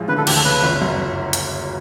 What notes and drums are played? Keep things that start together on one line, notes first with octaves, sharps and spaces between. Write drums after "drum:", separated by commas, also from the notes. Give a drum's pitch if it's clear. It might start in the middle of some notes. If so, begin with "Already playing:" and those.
Already playing: A1 F3 G#3
D3 B4
A4
D2 G4, drum: cymbal
A4
C#3 B4
G1
F#2
drum: hi-hat